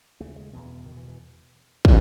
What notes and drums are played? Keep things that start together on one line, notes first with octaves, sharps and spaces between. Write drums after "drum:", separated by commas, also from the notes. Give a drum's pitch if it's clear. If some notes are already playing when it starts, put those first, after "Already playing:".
D#2 C#3 A3
G#3
E2 B2 E3
E2 B2 D#3
E3
E3
drum: kick